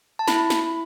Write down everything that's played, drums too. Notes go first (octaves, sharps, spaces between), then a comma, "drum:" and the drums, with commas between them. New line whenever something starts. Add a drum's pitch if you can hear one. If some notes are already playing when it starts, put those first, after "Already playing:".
A5
E4 B5, drum: snare
drum: snare